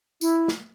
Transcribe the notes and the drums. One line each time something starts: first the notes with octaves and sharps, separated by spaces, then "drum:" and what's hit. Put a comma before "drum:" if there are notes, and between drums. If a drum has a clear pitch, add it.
E4, drum: tambourine
drum: snare